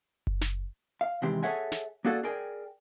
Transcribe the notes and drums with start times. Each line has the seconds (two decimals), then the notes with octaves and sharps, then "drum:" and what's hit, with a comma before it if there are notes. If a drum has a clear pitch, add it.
0.27 drum: kick F#1
0.41 drum: snare
1.01 F5
1.22 C3 D#3 E3 G#3 C4 G4
1.43 G#4 A4 C#5 E5 F#5 G#5
1.72 drum: snare
2.05 A#3 D4 F#4 G#4 A4 D5
2.23 G#4 A#4 D5 G5 G#5